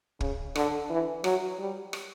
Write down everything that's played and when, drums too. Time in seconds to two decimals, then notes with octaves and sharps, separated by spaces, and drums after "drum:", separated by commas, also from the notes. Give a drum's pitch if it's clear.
0.20 C#3, drum: kick
0.56 D3, drum: rim click
0.90 E3
1.24 F#3, drum: rim click
1.59 G3
1.93 drum: rim click